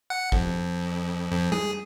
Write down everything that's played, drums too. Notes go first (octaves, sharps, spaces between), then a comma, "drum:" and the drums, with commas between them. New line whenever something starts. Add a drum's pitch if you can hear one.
F#5
F2, drum: kick
F2
G#4, drum: tom G3